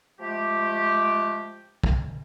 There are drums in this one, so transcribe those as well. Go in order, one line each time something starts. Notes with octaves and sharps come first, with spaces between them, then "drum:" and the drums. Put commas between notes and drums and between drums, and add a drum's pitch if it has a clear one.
F3 G#3 A3 G4
drum: kick